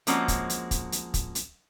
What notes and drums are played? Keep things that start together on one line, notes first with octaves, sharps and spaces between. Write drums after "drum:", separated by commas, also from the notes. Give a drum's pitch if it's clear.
F3 G#3 A#3 C4 C#4 F#4, drum: hi-hat
drum: kick, hi-hat
drum: hi-hat
drum: kick, hi-hat
drum: hi-hat
drum: kick, hi-hat
drum: hi-hat